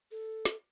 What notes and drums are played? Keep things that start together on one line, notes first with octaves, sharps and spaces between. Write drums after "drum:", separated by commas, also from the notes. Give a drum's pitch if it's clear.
A4
drum: snare